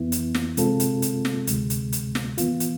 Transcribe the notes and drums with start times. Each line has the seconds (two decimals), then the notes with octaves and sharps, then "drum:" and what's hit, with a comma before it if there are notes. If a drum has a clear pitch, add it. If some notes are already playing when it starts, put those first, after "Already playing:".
Already playing: F2 E3 B3 E4
0.12 drum: hi-hat
0.35 drum: snare
0.57 C3 G#3 C4 F4 A4, drum: hi-hat
0.80 drum: hi-hat
1.02 drum: hi-hat
1.25 drum: snare
1.47 D2 C3 G#3, drum: hi-hat
1.70 drum: hi-hat
1.92 drum: hi-hat
2.15 drum: snare
2.38 E3 B3 F4, drum: hi-hat
2.60 drum: hi-hat